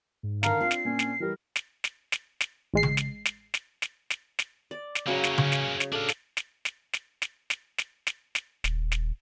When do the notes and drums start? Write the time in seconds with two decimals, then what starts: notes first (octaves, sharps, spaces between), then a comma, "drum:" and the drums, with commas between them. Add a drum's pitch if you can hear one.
0.23 G#2
0.43 D3 D#3 A#4 F5 A5 A#5, drum: snare
0.61 C4 D4 F4 C7
0.71 drum: snare
0.85 A#2 C#4
0.99 drum: snare
1.20 E3 G3 A#4
1.56 drum: snare
1.84 drum: snare
2.12 drum: snare
2.40 drum: snare
2.74 A1 G#3 C7
2.83 drum: tom C#3
2.97 drum: snare
3.25 drum: snare
3.54 drum: snare
3.82 drum: snare
4.10 drum: snare
4.39 drum: snare
4.71 D5
4.95 drum: snare
5.07 C#3 F#3 A#3 C#4
5.24 drum: snare
5.38 drum: tom C#3
5.52 drum: snare
5.80 drum: snare
5.92 D4 A4 F5
6.08 drum: snare
6.37 drum: snare
6.65 drum: snare
6.93 drum: snare
7.22 drum: snare
7.50 drum: snare
7.78 drum: snare
8.07 drum: snare
8.35 drum: snare
8.64 D#1, drum: snare
8.92 drum: snare